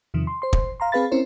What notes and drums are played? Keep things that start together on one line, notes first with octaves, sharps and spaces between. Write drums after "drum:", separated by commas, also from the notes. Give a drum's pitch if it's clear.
E2 C3 D#3 F3
C6
C5 C6
drum: kick
F5 A#5 C6
C4 G#4 B4 F5 B5 A6
C4 C#4 E4 A#4 C5